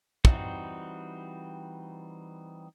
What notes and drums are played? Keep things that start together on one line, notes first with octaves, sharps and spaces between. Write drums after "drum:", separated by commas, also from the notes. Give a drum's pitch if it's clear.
E3 G3 C4 D#4 F#4, drum: kick